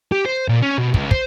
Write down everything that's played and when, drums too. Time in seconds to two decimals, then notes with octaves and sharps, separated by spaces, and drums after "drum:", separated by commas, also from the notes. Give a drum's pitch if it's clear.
0.12 G4
0.25 C5
0.48 A#2
0.62 C#4
0.78 B2
0.94 C#2, drum: kick
1.11 C5, drum: kick